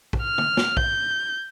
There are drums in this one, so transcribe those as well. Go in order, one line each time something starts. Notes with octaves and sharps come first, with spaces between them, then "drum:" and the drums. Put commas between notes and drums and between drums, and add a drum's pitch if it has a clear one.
drum: kick
F6
drum: tom
drum: snare
G6, drum: kick